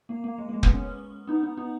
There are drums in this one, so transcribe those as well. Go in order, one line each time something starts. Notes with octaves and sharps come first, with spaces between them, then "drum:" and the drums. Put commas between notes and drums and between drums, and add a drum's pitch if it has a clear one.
A#3
A#3
G#3
A#3
G#3
B3, drum: kick
C#4
B3 D#4
B3 D#4
B3 D#4